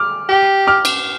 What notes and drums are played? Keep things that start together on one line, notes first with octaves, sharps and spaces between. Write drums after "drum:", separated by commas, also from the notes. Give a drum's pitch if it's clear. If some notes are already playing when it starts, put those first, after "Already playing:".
Already playing: D6 F6
G4
D6 F6
drum: cymbal